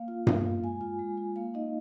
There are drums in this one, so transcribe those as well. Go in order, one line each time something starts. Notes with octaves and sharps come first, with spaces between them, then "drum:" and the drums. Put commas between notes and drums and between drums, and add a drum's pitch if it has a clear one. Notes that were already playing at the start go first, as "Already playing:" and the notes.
Already playing: A#3 F5
F4
A#3, drum: tom G2
F4
G#3 G#5
F4
G#3
F4
A#3 F5
D#4 D#5